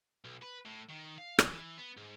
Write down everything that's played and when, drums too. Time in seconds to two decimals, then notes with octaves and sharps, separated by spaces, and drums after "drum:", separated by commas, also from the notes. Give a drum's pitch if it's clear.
0.25 B1
0.42 B4
0.65 A2
0.89 D#3
1.18 F5
1.39 C#3, drum: rim click
1.52 E3
1.78 B3
1.97 G#2